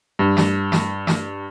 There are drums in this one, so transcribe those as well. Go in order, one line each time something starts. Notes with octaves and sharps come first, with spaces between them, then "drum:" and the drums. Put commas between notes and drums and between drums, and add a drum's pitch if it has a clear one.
G2
drum: snare
drum: snare
drum: snare